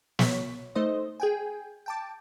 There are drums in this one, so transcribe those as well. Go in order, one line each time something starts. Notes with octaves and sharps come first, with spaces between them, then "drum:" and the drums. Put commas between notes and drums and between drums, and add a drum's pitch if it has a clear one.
C#5 B6, drum: snare
A3 D#4 C5 D#5
G#4 G5 G#5
G5 A5 D6